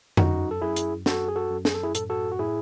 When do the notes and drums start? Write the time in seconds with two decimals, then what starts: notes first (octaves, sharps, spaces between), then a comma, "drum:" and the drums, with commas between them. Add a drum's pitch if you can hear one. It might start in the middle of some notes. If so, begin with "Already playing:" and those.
0.17 F#2 D#4 F#4, drum: tom F2
0.51 A4
0.62 F#2 E4 G#4
0.76 drum: hi-hat
1.06 F#2 F#4 A4, drum: snare
1.28 G#4
1.36 F#4 A4
1.51 F#2
1.65 G#4, drum: snare
1.74 A4
1.83 E4 G#4
1.95 A2 A4, drum: hi-hat
2.10 F#4 A4
2.32 F#4
2.39 A2 E4 G#4